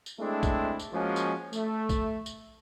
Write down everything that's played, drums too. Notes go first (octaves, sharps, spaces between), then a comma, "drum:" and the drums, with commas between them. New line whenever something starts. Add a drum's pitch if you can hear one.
drum: tambourine
G#3 A3 C4 D4 E4
drum: kick, tambourine
drum: tambourine
F3 G#3 A#3 C#4 F#4
drum: tambourine
A3, drum: tambourine
drum: kick, tambourine
drum: tambourine